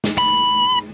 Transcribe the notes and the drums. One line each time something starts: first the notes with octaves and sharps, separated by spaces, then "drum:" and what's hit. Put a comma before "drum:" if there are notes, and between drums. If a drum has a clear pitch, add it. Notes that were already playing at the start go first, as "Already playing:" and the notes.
drum: snare
B5